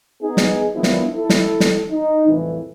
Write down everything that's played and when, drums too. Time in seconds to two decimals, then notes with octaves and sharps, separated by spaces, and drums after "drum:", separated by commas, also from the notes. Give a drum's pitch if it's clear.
0.22 B3 D#4 G#4
0.37 drum: snare
0.73 D#3 F3 G3 B3 D4 E4
0.83 drum: snare
1.15 E4 A4
1.29 drum: snare
1.60 drum: snare
1.90 D#4
2.26 C2 F2 A2 E3